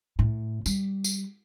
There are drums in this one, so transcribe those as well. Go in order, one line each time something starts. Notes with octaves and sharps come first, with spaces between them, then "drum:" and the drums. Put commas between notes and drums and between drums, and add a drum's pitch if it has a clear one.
A2
G3, drum: tambourine
drum: tambourine